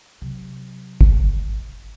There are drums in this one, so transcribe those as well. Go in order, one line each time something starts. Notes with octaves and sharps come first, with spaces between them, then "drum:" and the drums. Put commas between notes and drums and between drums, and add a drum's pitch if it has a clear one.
C3 F#3
drum: kick